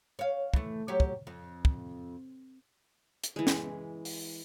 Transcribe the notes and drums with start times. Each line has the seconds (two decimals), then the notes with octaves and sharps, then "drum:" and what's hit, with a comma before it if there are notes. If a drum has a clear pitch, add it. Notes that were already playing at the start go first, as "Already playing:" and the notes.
0.19 C#5 F5
0.54 E3 A3, drum: kick
0.88 F#3 G4 C#5
1.00 drum: kick
1.27 F2
1.65 drum: kick
3.24 drum: hi-hat
3.36 E3 G#3
3.47 drum: snare
4.05 drum: open hi-hat